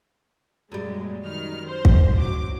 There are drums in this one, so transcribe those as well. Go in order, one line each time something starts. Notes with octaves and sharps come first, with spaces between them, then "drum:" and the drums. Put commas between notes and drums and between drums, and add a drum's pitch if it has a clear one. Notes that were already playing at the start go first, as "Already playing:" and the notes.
F#2 A#2 G3 G#3
D#3 D#4 F6
C5
drum: kick
A1 F#3 D6